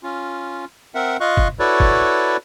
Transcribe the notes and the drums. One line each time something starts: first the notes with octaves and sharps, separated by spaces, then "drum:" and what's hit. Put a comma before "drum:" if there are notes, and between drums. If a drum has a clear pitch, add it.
C#4 F4
C4 A#4 E5 F#5
F4 D#5 F5 C#6 F#6
drum: kick
E4 F#4 A4 B4 C#5 D5
drum: kick